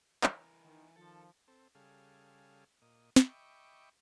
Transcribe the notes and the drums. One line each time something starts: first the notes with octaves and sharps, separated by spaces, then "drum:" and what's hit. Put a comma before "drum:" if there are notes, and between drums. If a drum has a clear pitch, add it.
E3 A#4, drum: clap
D#3
D#3 F3 A4
C4 A4
C#3 G3 G#4 A4 F5
A#2 D#5
D#5 E5 G5 B5 C#6 D6, drum: snare